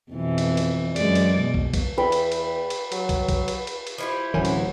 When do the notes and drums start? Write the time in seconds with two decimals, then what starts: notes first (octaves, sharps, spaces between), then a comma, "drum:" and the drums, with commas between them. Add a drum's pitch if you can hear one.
0.12 F2 B2 E3
0.38 drum: cymbal
0.57 drum: cymbal
0.96 F#2 G#3 D5, drum: cymbal
1.15 drum: cymbal
1.39 B2
1.54 drum: kick
1.74 drum: kick, cymbal
1.98 E2 B4 G5
2.12 drum: cymbal
2.32 drum: cymbal
2.70 drum: cymbal
2.92 F#3, drum: cymbal
3.09 drum: kick, cymbal
3.29 drum: kick, cymbal
3.48 drum: cymbal
3.67 drum: cymbal
3.87 drum: cymbal
3.98 F3 E4 G4
4.34 D1 D#3 E3 F#3 C#4 C5
4.45 drum: cymbal